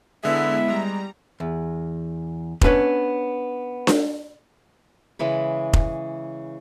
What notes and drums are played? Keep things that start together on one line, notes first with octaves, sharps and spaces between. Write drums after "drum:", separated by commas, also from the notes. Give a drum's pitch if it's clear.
D3 G#3 B3 E4 G#4 E5
G3 G#3 A#5
E2
B3 C#4 D4 A4 B4 C#5, drum: kick F1
drum: snare D4
C#3 E3 G#3 B5
drum: kick F1